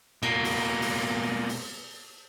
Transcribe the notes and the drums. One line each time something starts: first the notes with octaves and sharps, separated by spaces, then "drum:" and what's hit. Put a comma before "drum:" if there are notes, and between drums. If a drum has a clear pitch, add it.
B2 A#3, drum: cymbal
drum: open hi-hat
drum: open hi-hat
drum: open hi-hat